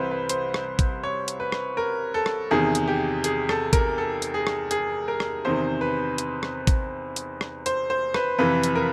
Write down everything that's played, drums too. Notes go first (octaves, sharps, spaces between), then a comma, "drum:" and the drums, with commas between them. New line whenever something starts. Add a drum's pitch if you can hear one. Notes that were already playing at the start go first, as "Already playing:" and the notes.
Already playing: C2 C3 E3 B4 C5
B4
C5, drum: hi-hat
drum: rim click
drum: kick, hi-hat
C#5
drum: hi-hat
B4
drum: rim click
A#4
A4
drum: rim click
E2 C3 D#3 G#4
drum: hi-hat
G4
G#4, drum: hi-hat
A4, drum: rim click
A#4, drum: kick, hi-hat
A4
drum: hi-hat
G#4
drum: rim click
G#4, drum: hi-hat
A#4
drum: rim click
E2 C3 D#3 C5
B4
drum: hi-hat
drum: rim click
drum: kick, hi-hat
drum: hi-hat
drum: rim click
C5, drum: hi-hat
C5
B4, drum: rim click
F2 C3 E3 B4
drum: hi-hat
A#4